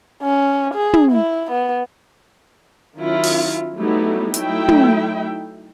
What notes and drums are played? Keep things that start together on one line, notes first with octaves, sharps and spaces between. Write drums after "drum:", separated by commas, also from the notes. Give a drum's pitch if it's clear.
C#4
G#4
drum: tom
E4
B3
D#3 F#3 C#4 E4 F4
drum: open hi-hat
F#3 G3 A3 B3 D#4 E4
F#3 A3 D#4 E4 E5 G5, drum: hi-hat
drum: tom